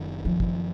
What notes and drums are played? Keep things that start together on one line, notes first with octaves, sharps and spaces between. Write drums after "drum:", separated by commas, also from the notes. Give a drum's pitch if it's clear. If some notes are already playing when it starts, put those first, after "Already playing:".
Already playing: F#1 F#2 D#3
F3
drum: kick